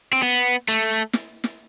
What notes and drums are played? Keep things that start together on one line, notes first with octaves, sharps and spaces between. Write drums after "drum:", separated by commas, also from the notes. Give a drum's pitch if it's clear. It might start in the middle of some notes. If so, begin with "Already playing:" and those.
C4
B3
A3
drum: snare
drum: snare